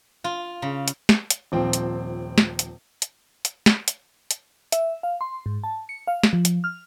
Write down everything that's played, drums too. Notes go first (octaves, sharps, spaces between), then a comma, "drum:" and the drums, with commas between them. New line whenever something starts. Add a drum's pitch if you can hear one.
F4
C#3
drum: hi-hat
drum: snare
drum: hi-hat
D#1 F3 C4 G5
drum: hi-hat
drum: snare
drum: hi-hat
drum: hi-hat
drum: hi-hat
drum: snare
drum: hi-hat
drum: hi-hat
E5, drum: hi-hat
F5
C6
G#2
A5
C#7
F5
drum: snare
F3
drum: hi-hat
F6